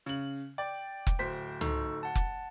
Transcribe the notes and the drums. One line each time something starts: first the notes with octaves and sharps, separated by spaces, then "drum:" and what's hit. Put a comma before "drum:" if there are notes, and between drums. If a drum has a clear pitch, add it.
C#3 F#7
D5 G5
drum: kick F1
D1 C5 B6
D#4 A4 C#6, drum: tom
F#5 A5
drum: kick F1